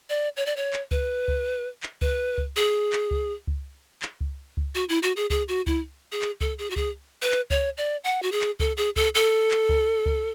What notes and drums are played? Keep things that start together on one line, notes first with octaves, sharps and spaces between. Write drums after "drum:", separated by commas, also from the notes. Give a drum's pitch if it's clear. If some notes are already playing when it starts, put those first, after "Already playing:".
D5
C#5
D5
C#5
drum: clap
B4, drum: kick C#2
drum: kick C#2
drum: clap
B4, drum: kick C#2
drum: kick C#2
G#4
drum: clap
drum: kick C#2
drum: kick C#2
drum: clap
drum: kick C#2
drum: kick C#2
F#4
E4
F#4
G#4
G#4, drum: kick C#2
F#4
E4, drum: kick C#2
G#4
drum: clap
A4, drum: kick C#2
G#4
F#4
G#4, drum: kick C#2
B4
drum: clap
C#5, drum: kick C#2
D5
F#5
F#4
G#4
drum: clap
A4, drum: kick C#2
G#4
A4, drum: kick C#2
A4
drum: clap
drum: kick C#2
drum: kick C#2